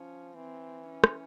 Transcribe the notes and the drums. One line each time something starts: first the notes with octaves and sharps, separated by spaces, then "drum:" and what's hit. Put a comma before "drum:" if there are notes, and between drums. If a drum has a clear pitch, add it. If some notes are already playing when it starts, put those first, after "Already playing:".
Already playing: F3 C#4
E3 C4
C#4
drum: rim click